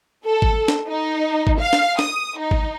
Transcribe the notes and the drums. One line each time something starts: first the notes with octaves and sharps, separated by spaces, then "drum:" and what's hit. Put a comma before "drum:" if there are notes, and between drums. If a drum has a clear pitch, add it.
A4
drum: kick G#1
drum: snare
D#4
drum: kick G#1
F5
drum: snare
D#6, drum: snare
D#4
drum: kick G#1